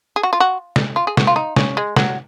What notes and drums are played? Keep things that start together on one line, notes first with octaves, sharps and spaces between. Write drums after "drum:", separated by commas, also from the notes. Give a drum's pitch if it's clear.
G#4
F#4
F4
F#4
drum: snare
F4
G#4
F#4, drum: snare
F4
D#4
C#4, drum: snare
G#3
F#3, drum: snare